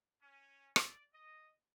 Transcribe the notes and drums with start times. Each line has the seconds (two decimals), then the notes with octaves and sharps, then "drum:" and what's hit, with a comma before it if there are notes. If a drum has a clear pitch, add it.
0.22 C#4
0.76 D5, drum: rim click
1.14 D#5